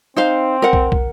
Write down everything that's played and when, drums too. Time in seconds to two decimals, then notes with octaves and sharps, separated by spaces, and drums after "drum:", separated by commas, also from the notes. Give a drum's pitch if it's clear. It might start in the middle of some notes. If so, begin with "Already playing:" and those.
0.16 C4 D#4 C5 F5
0.62 A#4 F#5
0.73 drum: kick
0.92 drum: kick